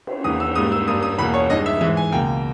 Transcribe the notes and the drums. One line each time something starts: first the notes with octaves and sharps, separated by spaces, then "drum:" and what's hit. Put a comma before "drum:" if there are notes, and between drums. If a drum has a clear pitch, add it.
drum: cymbal
E2 D#3 A#3 D#6
E6
G#2 G3 A#3 D#6
E6
G2 G3 A#3 D#6
D#6
E2 B2 A#3 B5
C#5
G2 D#3 G#3 D#5
E5
G#2 E3 G#3 E5
G#5
C#2 B2 A#3 G5